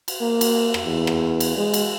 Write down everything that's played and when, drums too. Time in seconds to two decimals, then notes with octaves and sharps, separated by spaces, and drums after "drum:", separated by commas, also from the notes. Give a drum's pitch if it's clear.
0.08 drum: cymbal
0.21 A#3
0.41 drum: cymbal
0.74 drum: rim click
0.85 E2
1.07 drum: rim click
1.40 drum: cymbal
1.57 G#3
1.74 drum: cymbal